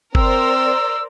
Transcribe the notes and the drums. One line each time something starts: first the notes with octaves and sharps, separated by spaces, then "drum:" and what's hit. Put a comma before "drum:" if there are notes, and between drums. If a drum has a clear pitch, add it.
C4 A#4 C5 D5 E6, drum: kick G1